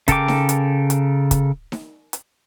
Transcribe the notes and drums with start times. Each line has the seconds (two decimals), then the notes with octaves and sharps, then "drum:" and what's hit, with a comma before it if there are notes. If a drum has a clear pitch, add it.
0.08 C#3 A4 A#4 G5 D6, drum: kick, hi-hat
0.28 drum: snare D#4
0.49 drum: hi-hat
0.90 drum: hi-hat
1.31 drum: kick, hi-hat
1.72 drum: snare D#4
2.13 drum: hi-hat